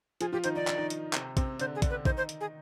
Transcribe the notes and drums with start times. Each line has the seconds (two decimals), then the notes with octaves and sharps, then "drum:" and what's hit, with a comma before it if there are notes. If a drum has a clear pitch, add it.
0.21 F3 F4 G#4, drum: hi-hat
0.32 F3 F4 G4
0.44 D#3 D#4 C5, drum: hi-hat
0.56 D#4 D5
0.67 D4, drum: clap
0.77 D#3 D#4
0.90 drum: hi-hat
1.13 C3 C4, drum: clap
1.37 C3 C4, drum: kick, hi-hat
1.60 D3 D4 C5, drum: hi-hat
1.75 G#4
1.82 D3 D4, drum: kick, hi-hat
1.90 B4
2.05 D#3 D#4 C5, drum: kick
2.17 C5
2.29 drum: hi-hat
2.41 G#4